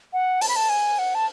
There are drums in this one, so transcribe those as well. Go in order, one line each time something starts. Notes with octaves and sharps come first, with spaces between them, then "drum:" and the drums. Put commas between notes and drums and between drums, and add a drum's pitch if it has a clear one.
F#5
A5, drum: open hi-hat
B5
A5
G#5
F#5
A5